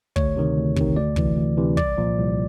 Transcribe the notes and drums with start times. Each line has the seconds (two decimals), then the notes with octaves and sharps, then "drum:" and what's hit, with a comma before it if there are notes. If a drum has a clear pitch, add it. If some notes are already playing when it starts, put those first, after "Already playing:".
0.16 D2 C#5, drum: kick
0.37 C3 D#3
0.57 D2
0.76 C3 D#3, drum: kick
0.97 D2 D5
1.16 C3 E3, drum: kick
1.36 D2
1.57 C3 E3
1.77 C2 D5, drum: kick
1.97 A#2 F3
2.18 C2